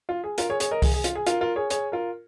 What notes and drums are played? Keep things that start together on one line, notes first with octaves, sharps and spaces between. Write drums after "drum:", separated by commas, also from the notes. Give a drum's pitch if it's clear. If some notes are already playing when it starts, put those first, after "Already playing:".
F4
G#4
F4 A#4, drum: hi-hat
G#4 C#5
G#4 C#5, drum: hi-hat
A#4 D#5
G#4, drum: kick C2, open hi-hat
G#4
F4, drum: hi-hat
G#4
F4 A#4, drum: hi-hat
F4 A#4
G#4 C#5
G#4 C#5, drum: hi-hat
F4 A#4